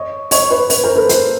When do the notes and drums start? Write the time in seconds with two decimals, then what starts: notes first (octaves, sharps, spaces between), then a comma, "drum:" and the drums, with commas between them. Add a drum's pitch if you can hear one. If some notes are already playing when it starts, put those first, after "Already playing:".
Already playing: C#5 D#5
0.31 C#5 D#5, drum: open hi-hat
0.50 B4 C#5
0.70 B4 C#5, drum: open hi-hat
0.84 A#4 C5
0.95 A4 B4
1.09 A#4 C5, drum: hi-hat